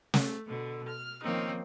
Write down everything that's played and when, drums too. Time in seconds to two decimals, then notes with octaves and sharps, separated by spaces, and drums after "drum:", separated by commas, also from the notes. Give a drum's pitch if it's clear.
0.14 A3, drum: snare
0.47 B2 D3
0.88 F6
1.23 D#3 F3 A#3 C4 C#4 D#4